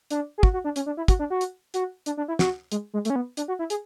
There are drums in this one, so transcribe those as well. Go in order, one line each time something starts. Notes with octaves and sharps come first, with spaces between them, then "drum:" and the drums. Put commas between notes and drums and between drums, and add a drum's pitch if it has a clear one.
D4, drum: hi-hat
G#4
F#4, drum: kick
F#4
D4
C#4, drum: hi-hat
D4
E4
F#4, drum: kick, hi-hat
D4
F#4
drum: hi-hat
F#4, drum: hi-hat
D4, drum: hi-hat
D4
E4
F#4, drum: snare
G#3, drum: hi-hat
G#3
A3, drum: hi-hat
C#4
B3
D4, drum: hi-hat
F#4
E4
G#4, drum: hi-hat